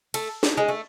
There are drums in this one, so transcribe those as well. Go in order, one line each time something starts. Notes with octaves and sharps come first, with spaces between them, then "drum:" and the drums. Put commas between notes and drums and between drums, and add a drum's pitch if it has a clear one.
A3, drum: cymbal
drum: snare
G#3
A3